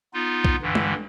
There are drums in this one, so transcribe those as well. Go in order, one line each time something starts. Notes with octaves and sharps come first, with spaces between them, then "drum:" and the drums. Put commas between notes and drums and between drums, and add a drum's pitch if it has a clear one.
B3 D#4 F4
drum: kick
G2 D3 E3
drum: tom G#3